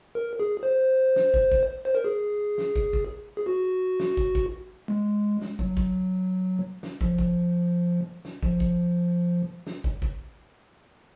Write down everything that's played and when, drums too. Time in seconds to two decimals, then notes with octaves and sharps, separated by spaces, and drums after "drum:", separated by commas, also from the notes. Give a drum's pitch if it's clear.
0.15 A#4
0.40 G#4
0.63 C5
1.16 drum: snare
1.34 drum: kick
1.52 drum: kick
1.85 C5
1.95 A#4
2.05 G#4
2.58 drum: snare
2.76 drum: kick
2.93 drum: kick
3.37 G#4
3.46 F#4
4.00 drum: snare
4.17 drum: kick
4.35 drum: kick
4.88 G#3
5.41 drum: snare
5.59 F#3, drum: kick
5.77 drum: kick
6.83 drum: snare
7.01 F3, drum: kick
7.18 drum: kick
8.25 drum: snare
8.43 F3, drum: kick
8.60 drum: kick
9.67 drum: snare
9.84 drum: kick
10.02 drum: kick